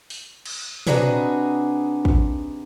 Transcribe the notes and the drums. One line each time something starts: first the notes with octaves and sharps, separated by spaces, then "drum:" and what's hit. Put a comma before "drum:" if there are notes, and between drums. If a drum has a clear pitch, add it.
drum: open hi-hat
drum: cymbal
C3 D4 D#4 F#4 G#4 B4, drum: tom
drum: kick